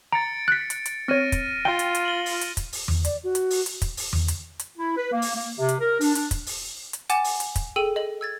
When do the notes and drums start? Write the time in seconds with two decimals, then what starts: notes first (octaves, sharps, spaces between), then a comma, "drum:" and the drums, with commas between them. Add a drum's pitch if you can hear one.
0.12 A#5 A6 C#7 D7
0.48 F#6 B6
0.70 drum: hi-hat
0.86 drum: hi-hat
1.08 C4 C#5 F6 A#6 D#7
1.32 drum: kick, hi-hat
1.65 F4 G5 G7
1.79 drum: hi-hat
1.95 drum: hi-hat
2.05 F#7 G7
2.26 drum: open hi-hat
2.41 drum: hi-hat
2.57 drum: kick, hi-hat
2.73 drum: open hi-hat
2.88 drum: tom E2
3.05 D5, drum: hi-hat
3.24 F#4
3.35 drum: hi-hat
3.50 drum: open hi-hat
3.66 drum: hi-hat
3.82 drum: kick, hi-hat
3.97 drum: open hi-hat
4.13 drum: tom E2
4.28 drum: hi-hat
4.59 drum: hi-hat
4.78 E4
4.97 B4
5.12 A#3
5.22 drum: open hi-hat
5.36 A#3
5.58 C3
5.69 drum: hi-hat
5.80 A#4
6.01 D4, drum: open hi-hat
6.15 D4, drum: hi-hat
6.31 drum: kick, hi-hat
6.46 drum: open hi-hat
6.93 drum: hi-hat
7.10 F#5 G#5 D6 A6 E7, drum: hi-hat
7.24 drum: open hi-hat
7.40 drum: hi-hat
7.56 drum: kick, hi-hat
7.76 G#4 A4 G5 E6 D#7 F#7
7.96 D#5 F#7
8.21 E6 G#6 A6